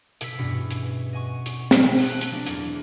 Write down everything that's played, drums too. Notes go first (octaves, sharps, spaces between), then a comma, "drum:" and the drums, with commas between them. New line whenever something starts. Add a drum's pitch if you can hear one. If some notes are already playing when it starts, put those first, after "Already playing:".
B2 E6 B6, drum: hi-hat
E2 G2 B2 C#4 C#7
drum: hi-hat
D#5 F#5 G#5 C#6
drum: hi-hat
drum: snare
A5 E6 F#6, drum: open hi-hat
drum: hi-hat
F#3 A3 D4
E2 A#3, drum: hi-hat